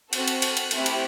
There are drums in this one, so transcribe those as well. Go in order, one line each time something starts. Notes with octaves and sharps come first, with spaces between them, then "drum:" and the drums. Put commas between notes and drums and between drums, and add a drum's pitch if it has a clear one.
C4 F#4 A4 F#6, drum: cymbal
drum: cymbal
F#6, drum: cymbal
drum: cymbal
A3 C4 E4 G4, drum: cymbal
drum: cymbal